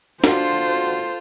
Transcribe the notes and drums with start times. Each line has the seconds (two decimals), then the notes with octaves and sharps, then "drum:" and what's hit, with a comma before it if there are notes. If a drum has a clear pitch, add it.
0.24 D4 F4 F#4 A4 C5, drum: snare